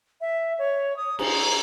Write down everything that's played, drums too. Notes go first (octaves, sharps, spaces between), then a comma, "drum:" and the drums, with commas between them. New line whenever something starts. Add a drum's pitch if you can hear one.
E5
C#5
D#6
A#5, drum: cymbal